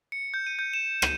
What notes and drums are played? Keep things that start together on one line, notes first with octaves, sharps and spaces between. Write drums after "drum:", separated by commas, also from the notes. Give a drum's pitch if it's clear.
C#7
G6
D#7
G6
E7
D#7, drum: rim click